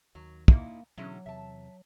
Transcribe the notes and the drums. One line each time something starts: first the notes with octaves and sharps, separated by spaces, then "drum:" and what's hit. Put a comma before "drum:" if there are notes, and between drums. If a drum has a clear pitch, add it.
D#2 F#3
A#2 A#3 D#4 E4, drum: kick
B2 D3 E3 F#3 G#3 C#4
E2 C3 E5 A5